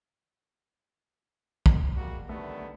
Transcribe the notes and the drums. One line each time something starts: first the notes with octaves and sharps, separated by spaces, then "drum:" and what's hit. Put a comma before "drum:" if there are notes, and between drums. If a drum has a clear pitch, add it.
drum: kick
G3 G#3 A#3 F#4
D3 D#3 G3 A3 B3